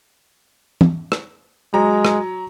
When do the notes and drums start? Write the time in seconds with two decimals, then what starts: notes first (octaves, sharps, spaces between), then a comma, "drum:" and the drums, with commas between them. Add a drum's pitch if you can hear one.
0.81 drum: tom
1.12 drum: rim click
1.74 F#3 G#3 A#5
2.05 drum: rim click